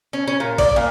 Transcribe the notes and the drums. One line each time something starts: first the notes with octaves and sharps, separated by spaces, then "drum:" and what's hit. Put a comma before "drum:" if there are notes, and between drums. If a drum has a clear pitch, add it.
C#4
C#4
A#2
D5, drum: kick, cymbal
A#2